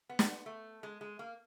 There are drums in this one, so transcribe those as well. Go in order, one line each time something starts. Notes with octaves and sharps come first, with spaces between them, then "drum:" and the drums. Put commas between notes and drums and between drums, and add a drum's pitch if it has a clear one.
B3
drum: snare
A3
G#3
G#3
A#3